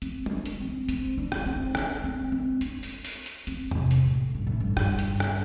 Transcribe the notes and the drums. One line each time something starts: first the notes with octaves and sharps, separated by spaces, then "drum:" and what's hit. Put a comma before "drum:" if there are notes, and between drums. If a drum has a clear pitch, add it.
C4, drum: hi-hat
C4, drum: tom
D4
drum: hi-hat
C4
C4, drum: hi-hat
D4
drum: rim click
C4
D4, drum: rim click
C4
C4
D4, drum: hi-hat
drum: open hi-hat
drum: open hi-hat
drum: hi-hat
C4, drum: hi-hat
A2, drum: tom E2
C3
drum: hi-hat
A2
G2
A2
G2
G2, drum: rim click
drum: hi-hat
drum: rim click